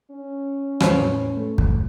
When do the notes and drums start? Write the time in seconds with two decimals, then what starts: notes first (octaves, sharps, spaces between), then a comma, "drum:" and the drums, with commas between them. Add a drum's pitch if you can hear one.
0.11 C#4
0.80 E2 A2 E3 C5 C#5, drum: rim click
1.37 A3
1.58 drum: kick